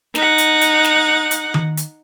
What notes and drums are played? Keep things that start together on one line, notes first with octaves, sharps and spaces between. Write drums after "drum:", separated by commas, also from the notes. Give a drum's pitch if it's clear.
D#4 F#5, drum: snare
drum: hi-hat
drum: hi-hat
drum: snare
drum: hi-hat
drum: tom D#3
drum: hi-hat